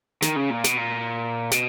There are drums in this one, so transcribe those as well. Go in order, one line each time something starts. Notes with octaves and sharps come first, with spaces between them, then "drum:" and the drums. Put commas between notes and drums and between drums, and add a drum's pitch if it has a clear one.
D#3, drum: snare
C#3
A#2
B2, drum: snare
A#2
B2, drum: snare